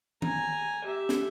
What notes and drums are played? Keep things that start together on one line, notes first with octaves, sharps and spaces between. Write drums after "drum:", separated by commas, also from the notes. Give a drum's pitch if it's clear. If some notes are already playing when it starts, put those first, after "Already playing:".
G#5 A#5, drum: tom D#3
G4 E5
drum: snare